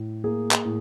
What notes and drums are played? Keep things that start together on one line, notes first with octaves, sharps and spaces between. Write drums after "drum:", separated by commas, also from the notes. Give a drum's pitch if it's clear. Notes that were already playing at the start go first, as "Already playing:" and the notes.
Already playing: A2
A#3 G#4
drum: clap
A2